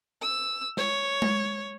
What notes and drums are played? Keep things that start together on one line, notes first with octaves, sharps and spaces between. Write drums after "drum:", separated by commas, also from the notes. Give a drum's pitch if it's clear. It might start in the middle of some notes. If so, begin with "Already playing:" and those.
E6
C#5, drum: snare
drum: tom G#3